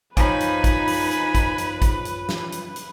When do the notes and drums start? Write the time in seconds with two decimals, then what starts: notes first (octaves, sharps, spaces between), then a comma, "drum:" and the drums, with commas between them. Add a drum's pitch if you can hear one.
0.17 F3 C#4 D#4 B4 G#5 B5, drum: kick, hi-hat
0.40 drum: hi-hat
0.64 drum: kick, hi-hat
0.88 drum: open hi-hat
1.11 drum: hi-hat
1.35 drum: kick, hi-hat
1.58 drum: hi-hat
1.82 drum: kick, hi-hat
2.05 drum: hi-hat
2.29 drum: snare
2.52 drum: hi-hat
2.76 drum: hi-hat